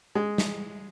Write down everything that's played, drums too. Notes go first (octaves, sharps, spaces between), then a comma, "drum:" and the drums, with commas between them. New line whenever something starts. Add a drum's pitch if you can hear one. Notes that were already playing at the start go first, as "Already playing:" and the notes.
G#3
drum: snare